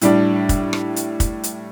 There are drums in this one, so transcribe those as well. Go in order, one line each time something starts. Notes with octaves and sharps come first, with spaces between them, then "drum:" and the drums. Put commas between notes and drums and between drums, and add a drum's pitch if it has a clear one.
A2 G3 D4, drum: hi-hat
drum: kick, hi-hat
drum: rim click
drum: hi-hat
drum: kick, hi-hat
drum: hi-hat